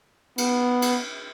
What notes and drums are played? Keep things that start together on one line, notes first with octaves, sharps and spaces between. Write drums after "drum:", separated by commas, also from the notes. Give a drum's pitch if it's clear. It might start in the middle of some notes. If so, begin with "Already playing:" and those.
B3, drum: cymbal
drum: cymbal